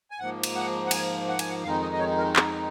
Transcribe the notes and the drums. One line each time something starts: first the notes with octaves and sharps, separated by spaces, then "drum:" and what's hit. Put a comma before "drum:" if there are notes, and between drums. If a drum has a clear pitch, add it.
G#5
G#2 F3 A#3 F#5
drum: cymbal
F#5
F#5
G#5, drum: cymbal
F#5
G#5, drum: cymbal
F#5
F2 D#3 G#3 D#4 F5
D#5
D#5
C#5
A#4
F#5, drum: clap